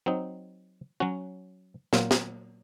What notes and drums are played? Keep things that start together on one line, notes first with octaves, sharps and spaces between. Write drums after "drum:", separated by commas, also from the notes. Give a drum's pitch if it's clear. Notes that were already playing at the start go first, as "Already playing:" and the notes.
F#3 C4 D#4
F#3 C#4 F#4
A#2 F#3 A#3 F4, drum: snare
drum: snare